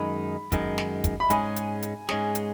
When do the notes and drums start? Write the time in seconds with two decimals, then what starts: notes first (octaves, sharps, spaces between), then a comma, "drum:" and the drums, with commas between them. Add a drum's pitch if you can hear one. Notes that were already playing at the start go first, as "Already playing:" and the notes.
Already playing: F#2 D#3 G#3 D#4 B5
0.52 F#2 D#3 G#3 D#4, drum: kick, hi-hat
0.78 drum: snare
1.04 drum: kick, hi-hat
1.20 B5
1.30 G#2 G#3 C#4 G#4 G#5, drum: hi-hat
1.56 drum: hi-hat
1.82 drum: hi-hat
2.09 G#2 G#3 C#4 G#4, drum: snare
2.35 drum: hi-hat